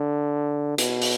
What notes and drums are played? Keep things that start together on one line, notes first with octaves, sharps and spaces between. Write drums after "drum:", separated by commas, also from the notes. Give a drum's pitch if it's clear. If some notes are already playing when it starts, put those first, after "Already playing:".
Already playing: D3
B2, drum: hi-hat
drum: open hi-hat